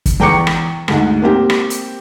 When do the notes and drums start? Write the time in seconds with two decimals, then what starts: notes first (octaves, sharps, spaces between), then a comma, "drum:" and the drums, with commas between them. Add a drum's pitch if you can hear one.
0.06 drum: kick, hi-hat
0.20 E2 G5 A#5 C#6 D6 C#7
0.47 drum: rim click
0.88 D2 G#2, drum: rim click
1.22 A#3 C4 G4
1.50 drum: rim click
1.70 drum: hi-hat